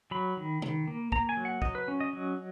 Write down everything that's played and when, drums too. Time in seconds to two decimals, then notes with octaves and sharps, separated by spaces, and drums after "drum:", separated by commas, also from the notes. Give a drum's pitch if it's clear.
0.11 F#3 B5
0.37 D#3
0.62 D#3, drum: tom
0.87 A#3
1.12 A#3 A#5, drum: kick
1.29 G#5
1.37 F#3
1.45 F#5
1.62 F#3 D#5, drum: kick
1.75 B4
1.88 C#4
2.00 D#5
2.13 F#3